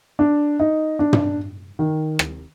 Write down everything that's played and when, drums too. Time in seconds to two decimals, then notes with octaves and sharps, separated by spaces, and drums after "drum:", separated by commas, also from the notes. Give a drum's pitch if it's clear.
0.19 D4
0.60 D#4
0.99 D4
1.13 drum: tom
1.79 D#3
2.19 drum: rim click